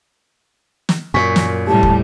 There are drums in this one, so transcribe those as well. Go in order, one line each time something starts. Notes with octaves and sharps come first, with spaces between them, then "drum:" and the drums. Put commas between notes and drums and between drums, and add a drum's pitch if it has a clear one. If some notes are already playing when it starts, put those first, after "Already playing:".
drum: snare
F#2 A#2 G#5 C#6 B6
drum: snare
A2 C3 G3 G4 A5
drum: kick